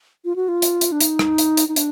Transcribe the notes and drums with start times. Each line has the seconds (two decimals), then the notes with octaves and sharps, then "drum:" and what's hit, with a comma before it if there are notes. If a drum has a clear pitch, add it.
0.25 F4
0.36 F#4
0.48 F4
0.62 drum: hi-hat
0.81 drum: hi-hat
0.92 D4
1.00 D#4, drum: hi-hat
1.19 drum: rim click
1.38 drum: hi-hat
1.57 drum: hi-hat
1.69 D#4
1.76 D4, drum: hi-hat